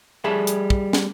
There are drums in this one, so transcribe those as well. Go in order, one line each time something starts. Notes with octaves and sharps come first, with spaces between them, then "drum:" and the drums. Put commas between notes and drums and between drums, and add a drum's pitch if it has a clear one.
G3 G#4 E5 A5 B5
drum: hi-hat
drum: kick
drum: snare